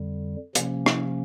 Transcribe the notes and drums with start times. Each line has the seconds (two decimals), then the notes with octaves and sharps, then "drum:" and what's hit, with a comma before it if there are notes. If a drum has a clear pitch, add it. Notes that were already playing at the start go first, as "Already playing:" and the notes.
Already playing: F2 D3 G3
0.55 C3 F3 A#3 C#4, drum: hi-hat
0.86 drum: rim click